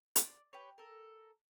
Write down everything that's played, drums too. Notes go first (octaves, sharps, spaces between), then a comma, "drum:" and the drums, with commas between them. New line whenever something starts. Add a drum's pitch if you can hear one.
D5, drum: hi-hat
G4 B4 C#5
A4 A#4